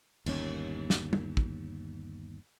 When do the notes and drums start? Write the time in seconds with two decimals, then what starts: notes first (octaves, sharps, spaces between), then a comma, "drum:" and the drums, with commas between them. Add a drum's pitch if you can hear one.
0.26 G1 D#2 C#4, drum: cymbal
0.90 drum: snare
1.13 drum: tom
1.37 drum: kick